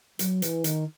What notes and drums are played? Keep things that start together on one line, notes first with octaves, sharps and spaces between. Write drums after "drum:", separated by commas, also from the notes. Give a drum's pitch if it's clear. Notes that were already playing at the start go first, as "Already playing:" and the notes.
F#3, drum: hi-hat
E3, drum: hi-hat
D#3, drum: hi-hat